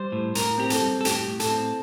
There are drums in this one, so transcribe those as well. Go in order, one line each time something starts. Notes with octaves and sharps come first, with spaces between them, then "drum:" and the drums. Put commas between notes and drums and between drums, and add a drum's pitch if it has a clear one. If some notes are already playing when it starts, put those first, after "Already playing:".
Already playing: G3 C5
A2
A2 A#4, drum: hi-hat
C4 G4
A4, drum: hi-hat
G3
A4
A2 G4, drum: hi-hat
A2
A4, drum: hi-hat
C4